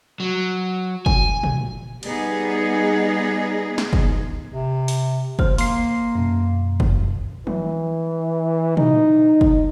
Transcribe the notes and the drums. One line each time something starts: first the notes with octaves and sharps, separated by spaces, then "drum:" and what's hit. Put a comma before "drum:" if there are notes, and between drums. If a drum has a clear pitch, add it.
F#3
G#5, drum: kick
drum: tom A#2
G3 B3 D#4 G#4, drum: cymbal
drum: snare
drum: kick
C3
drum: open hi-hat
C5 F6, drum: kick
A#3 C6 C7, drum: open hi-hat
F#2 B2
drum: kick
E3, drum: tom F3
D#4, drum: tom A#2
drum: kick